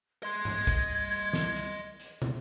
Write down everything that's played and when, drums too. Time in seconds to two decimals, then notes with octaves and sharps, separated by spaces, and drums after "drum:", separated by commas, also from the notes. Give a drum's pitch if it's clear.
0.23 D#5 C6 G#6
0.45 drum: tom G#2
0.67 drum: kick, hi-hat
1.11 drum: hi-hat
1.33 drum: snare
1.55 drum: hi-hat
2.00 drum: hi-hat
2.22 drum: tom